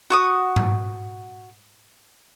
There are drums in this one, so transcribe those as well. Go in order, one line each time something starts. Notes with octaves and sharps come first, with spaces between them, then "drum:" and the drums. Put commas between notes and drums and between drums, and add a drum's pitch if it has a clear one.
F#4 C#6 D#6
drum: tom G#2